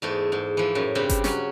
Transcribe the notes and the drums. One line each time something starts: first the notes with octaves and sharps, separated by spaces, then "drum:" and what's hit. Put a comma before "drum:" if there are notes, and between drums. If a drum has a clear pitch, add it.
E2 G#2 A3
G#2
E3 F3
F#2 A2
G2 C#3 G3 C4
drum: kick G1, hi-hat
F#3 C#4, drum: snare